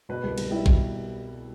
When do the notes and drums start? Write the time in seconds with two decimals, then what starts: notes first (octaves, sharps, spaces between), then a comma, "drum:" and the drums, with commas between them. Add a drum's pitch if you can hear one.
0.09 B2 B4
0.23 C2
0.38 C2, drum: cymbal
0.51 G3 E4
0.66 B2, drum: kick